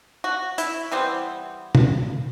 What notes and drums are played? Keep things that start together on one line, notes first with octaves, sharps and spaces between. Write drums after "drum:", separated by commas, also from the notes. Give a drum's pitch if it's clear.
F#4
E4, drum: hi-hat
E3 G3 B3 C4
drum: tom B2